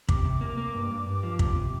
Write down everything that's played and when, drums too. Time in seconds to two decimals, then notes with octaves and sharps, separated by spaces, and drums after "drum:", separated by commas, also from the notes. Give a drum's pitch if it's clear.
0.09 C3 D6, drum: kick
0.25 C3
0.41 A#3
0.57 A#3
0.74 G2
0.91 G2
1.07 G2
1.23 F3
1.39 C3 D6, drum: kick
1.56 C3